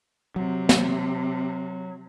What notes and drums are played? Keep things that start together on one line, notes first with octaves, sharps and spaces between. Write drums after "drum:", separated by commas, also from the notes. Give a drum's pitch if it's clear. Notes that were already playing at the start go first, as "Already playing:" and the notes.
C3 F#3
drum: snare